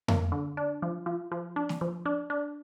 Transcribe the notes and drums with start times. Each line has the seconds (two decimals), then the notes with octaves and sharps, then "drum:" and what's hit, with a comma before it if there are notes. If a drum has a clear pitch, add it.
0.08 A#3, drum: tom F2
0.32 D3
0.57 D4
0.82 F3
1.06 F3
1.32 F3
1.56 D4
1.69 drum: snare
1.81 F3
2.06 D4
2.30 D4